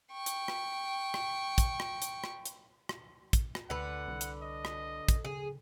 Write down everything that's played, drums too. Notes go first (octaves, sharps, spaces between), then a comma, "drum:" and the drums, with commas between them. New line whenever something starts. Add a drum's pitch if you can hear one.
G5 C#6
drum: hi-hat
drum: rim click
drum: rim click
drum: kick, hi-hat
drum: rim click
drum: hi-hat
drum: rim click
drum: hi-hat
drum: rim click
drum: kick, hi-hat
drum: rim click
D2 D3 B4 F#5
C2
drum: hi-hat
D#5
drum: rim click
drum: kick, hi-hat
C#3 G#4